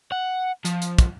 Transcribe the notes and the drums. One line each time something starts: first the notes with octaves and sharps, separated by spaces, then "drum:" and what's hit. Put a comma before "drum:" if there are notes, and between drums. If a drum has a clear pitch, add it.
F#5
F3, drum: hi-hat
drum: hi-hat
drum: kick, hi-hat